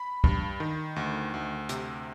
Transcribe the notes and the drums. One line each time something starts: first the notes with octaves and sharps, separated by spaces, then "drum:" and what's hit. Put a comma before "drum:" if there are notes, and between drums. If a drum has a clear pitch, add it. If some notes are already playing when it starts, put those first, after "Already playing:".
Already playing: B5
G2, drum: kick
D#3
D2
D2
C3, drum: hi-hat